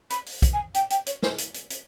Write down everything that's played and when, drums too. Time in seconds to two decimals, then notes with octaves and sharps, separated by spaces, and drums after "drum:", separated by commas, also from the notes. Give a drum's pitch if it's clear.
0.10 B5, drum: hi-hat
0.26 drum: open hi-hat
0.42 drum: kick, hi-hat
0.53 G#5
0.74 G5, drum: hi-hat
0.90 G5, drum: hi-hat
1.06 C#5, drum: hi-hat
1.23 C5, drum: snare
1.38 drum: hi-hat
1.54 drum: hi-hat
1.70 drum: hi-hat